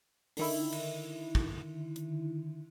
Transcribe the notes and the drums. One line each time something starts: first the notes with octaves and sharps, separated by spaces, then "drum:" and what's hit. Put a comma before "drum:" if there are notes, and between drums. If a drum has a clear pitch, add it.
D3 D#3 E4, drum: open hi-hat
drum: cymbal
drum: kick
drum: hi-hat